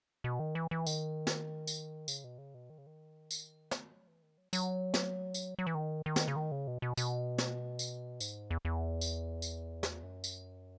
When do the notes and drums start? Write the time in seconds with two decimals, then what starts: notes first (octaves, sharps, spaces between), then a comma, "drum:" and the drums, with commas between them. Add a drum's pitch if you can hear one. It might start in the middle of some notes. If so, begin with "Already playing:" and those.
0.24 B2
0.39 D#3
0.55 E3
0.71 E3
0.87 D#3, drum: tambourine
1.27 drum: snare
1.67 drum: tambourine
2.08 C#3, drum: tambourine
2.24 B2
2.38 C#3
2.54 B2
2.70 D#3
2.78 C#3
2.87 D#3
3.31 drum: tambourine
3.71 drum: snare
3.92 F#3
4.07 E3
4.22 D#3
4.38 F#3
4.53 F#3, drum: tambourine
4.94 drum: snare
5.34 drum: tambourine
5.59 F#3
5.67 E3
5.75 D#3
6.06 D#3
6.16 drum: snare
6.28 C#3
6.36 D#3
6.52 C#3
6.68 B2
6.82 B2
6.97 B2, drum: tambourine
7.38 drum: snare
7.79 drum: tambourine
8.20 G#2, drum: tambourine
8.50 E2
8.65 E2
9.01 drum: tambourine
9.42 drum: tambourine
9.83 drum: snare
10.03 F#2
10.24 drum: tambourine